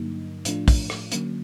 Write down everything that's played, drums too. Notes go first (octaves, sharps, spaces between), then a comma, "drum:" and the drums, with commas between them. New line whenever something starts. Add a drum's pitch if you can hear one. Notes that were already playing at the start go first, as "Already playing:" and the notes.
Already playing: G2 D3 F#3 A#3 D#4
A2 F3 A3 D4 F4, drum: hi-hat
drum: kick, open hi-hat
drum: rim click
D3 F#3 A#3 C#4, drum: hi-hat